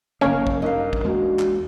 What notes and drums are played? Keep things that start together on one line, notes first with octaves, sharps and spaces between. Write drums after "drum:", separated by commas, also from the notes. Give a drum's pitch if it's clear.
F#1 C#3 A#3 C#4 A#4
drum: kick
G2 D3 D#4 A#4 D#5 F5
drum: kick
E2 G#3 A#3 D4 D#4 F#4
drum: clap